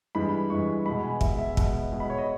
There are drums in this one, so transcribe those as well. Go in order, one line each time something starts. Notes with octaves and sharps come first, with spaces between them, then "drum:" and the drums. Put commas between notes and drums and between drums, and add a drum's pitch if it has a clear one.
G2 E3 G#3 B5
G2 E3 G#3 C#6
B2 G#3 B5
G#5
B2 G#3 E5, drum: kick
E5
B2 G#3, drum: kick
B2 G#3
B5
C#5
D#5